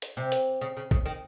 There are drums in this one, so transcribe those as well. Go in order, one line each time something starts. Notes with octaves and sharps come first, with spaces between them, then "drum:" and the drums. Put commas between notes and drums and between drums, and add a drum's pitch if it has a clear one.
drum: hi-hat
C3
drum: hi-hat
C#3
C#3
C#3, drum: kick A1
D#3